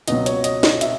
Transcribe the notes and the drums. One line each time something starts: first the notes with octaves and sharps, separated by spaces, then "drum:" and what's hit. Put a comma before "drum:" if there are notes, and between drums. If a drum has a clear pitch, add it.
C#2 B2 F#3 D#5, drum: hi-hat
C#5, drum: hi-hat
D#5, drum: hi-hat
D#5, drum: snare
E5, drum: hi-hat